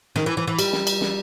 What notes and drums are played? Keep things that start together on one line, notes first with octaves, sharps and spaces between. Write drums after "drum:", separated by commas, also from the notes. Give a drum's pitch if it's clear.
D#3, drum: snare
E3
E3
E3
G3, drum: cymbal
drum: snare
drum: cymbal
drum: snare